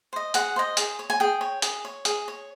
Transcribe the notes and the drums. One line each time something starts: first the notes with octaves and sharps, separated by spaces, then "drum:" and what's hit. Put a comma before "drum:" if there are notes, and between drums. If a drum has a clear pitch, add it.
C5 D#5
G#4 F#5, drum: hi-hat
C5 D#5
G#4, drum: hi-hat
C#5
G#5
G#4 G5
C#5
G#4, drum: hi-hat
C#5
G#4, drum: hi-hat
C#5